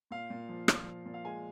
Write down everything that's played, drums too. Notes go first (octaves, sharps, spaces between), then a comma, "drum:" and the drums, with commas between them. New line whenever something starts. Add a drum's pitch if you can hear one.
A#2 F5
A#2
F3
A#2, drum: rim click
F3
A#2
F5
G#3 G#5